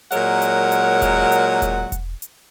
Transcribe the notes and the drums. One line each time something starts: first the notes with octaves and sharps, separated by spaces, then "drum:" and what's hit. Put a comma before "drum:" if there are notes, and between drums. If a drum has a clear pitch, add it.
A#2 F#3 G#3 A#4 C#5 F#5, drum: hi-hat
drum: hi-hat
drum: hi-hat
drum: kick E1, hi-hat
drum: hi-hat
drum: kick E1, hi-hat
drum: kick E1, hi-hat
drum: hi-hat